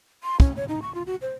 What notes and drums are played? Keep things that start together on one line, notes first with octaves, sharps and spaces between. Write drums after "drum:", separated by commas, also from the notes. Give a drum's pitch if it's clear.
C6
C#4, drum: kick
C#5
D#4
C#6
F4
F#4
C5